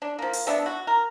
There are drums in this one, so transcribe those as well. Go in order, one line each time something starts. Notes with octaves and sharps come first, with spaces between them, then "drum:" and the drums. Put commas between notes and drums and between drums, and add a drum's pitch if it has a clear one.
D4
F3 A#3
drum: open hi-hat
A3 B3 D4 A4
F#4
A#4